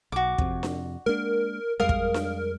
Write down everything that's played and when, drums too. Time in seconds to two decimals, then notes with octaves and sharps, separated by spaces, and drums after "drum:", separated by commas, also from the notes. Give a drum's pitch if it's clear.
0.12 B1 F#4 D6
0.38 F2 C3, drum: kick
0.63 drum: snare D4
1.06 G#3 A#3 D4 A#4
1.80 F2 G3 G#3 A#4 F5 D#6
1.89 drum: kick
2.14 drum: snare D4